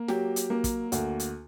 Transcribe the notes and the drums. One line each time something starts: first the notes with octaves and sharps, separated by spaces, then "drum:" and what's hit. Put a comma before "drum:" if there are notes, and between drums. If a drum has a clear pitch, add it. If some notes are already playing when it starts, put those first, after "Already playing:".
Already playing: A#3
F#3 G4, drum: snare
drum: hi-hat
A#3
drum: kick, hi-hat
D2, drum: hi-hat
drum: hi-hat